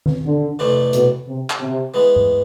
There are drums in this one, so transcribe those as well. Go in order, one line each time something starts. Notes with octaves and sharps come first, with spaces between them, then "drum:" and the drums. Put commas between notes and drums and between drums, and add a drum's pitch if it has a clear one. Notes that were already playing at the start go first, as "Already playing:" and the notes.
drum: tom D#3
D3
F2 C3 E3 A3 D4
B2, drum: hi-hat
C3
drum: clap
C3
E3 G#3 B3
drum: tom G2